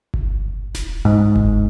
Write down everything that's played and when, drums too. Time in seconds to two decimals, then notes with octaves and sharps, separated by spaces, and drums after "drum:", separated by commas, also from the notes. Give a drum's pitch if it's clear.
0.14 drum: kick G1
0.75 drum: snare D#1
1.05 G#2
1.36 drum: kick G1